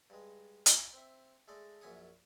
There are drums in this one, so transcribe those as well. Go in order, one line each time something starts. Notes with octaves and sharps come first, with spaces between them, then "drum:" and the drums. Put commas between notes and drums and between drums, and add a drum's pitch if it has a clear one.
G2 G#3
D#4 E4 F#4 D#5 E5 G#5, drum: hi-hat
C4 E5
G#3 A3 A4 D5 D#5
A#1 F#2 E5 G#5 C#6 D#6